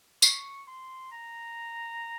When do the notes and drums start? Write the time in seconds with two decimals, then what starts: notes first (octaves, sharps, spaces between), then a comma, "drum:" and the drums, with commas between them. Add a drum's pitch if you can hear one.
0.22 C#6, drum: tambourine
0.68 C6
1.12 A#5